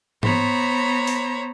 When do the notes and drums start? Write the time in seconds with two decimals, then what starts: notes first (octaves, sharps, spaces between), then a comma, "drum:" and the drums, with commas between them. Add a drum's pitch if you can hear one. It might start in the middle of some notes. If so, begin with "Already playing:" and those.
0.23 B3 C5 C#5 A#5 B5, drum: tom G#2
1.07 drum: open hi-hat